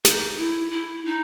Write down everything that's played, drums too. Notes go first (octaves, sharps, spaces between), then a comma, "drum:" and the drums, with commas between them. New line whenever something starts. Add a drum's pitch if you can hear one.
D#4, drum: snare
E4
E4
D#4